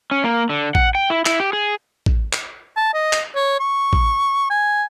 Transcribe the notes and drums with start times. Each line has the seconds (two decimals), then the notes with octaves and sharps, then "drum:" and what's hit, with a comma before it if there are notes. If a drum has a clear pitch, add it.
0.11 C#4
0.24 A#3
0.50 D3
0.75 F#5, drum: kick A1
0.95 G5
1.10 E4
1.26 E4, drum: clap
1.40 G4
1.53 G#4
2.06 drum: kick A1
2.33 drum: clap
2.76 A5
2.94 D#5
3.13 drum: clap
3.35 C#5
3.59 C#6
3.93 drum: kick A1
4.50 G#5